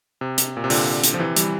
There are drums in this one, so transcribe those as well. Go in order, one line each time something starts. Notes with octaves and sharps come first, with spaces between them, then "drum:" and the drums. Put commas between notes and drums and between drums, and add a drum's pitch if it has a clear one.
C3
drum: hi-hat
A#2
C3
A#2 D3, drum: open hi-hat
drum: hi-hat
F3
C3 E3
E3 G3, drum: hi-hat